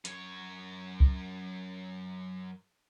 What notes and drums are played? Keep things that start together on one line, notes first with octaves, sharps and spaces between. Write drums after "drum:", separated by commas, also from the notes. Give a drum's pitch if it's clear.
F#2 C#5, drum: hi-hat
drum: kick